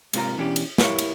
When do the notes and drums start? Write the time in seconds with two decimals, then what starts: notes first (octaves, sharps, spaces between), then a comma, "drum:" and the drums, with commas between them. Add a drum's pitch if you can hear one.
0.13 G#2 C3 A#3 F4 A#5, drum: cymbal
0.38 B2 E3 C#4 D4 G4
0.56 drum: cymbal
0.78 E4 G4 A#4 B4 C#5 F5, drum: snare
0.99 drum: cymbal